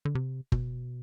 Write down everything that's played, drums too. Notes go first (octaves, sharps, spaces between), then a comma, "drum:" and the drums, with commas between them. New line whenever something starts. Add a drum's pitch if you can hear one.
D3
C3
B2, drum: kick